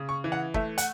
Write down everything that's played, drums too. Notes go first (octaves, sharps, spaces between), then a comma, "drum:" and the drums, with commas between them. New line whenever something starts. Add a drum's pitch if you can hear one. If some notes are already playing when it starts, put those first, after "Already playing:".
Already playing: C#3
C#6
E3
F#5
A3 E5, drum: kick
F#5, drum: hi-hat